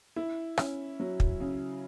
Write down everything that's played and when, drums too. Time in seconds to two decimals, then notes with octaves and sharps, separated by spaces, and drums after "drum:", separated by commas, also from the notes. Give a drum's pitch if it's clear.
0.16 E4
0.58 C#4, drum: rim click
1.00 F#3
1.20 drum: kick
1.40 C#3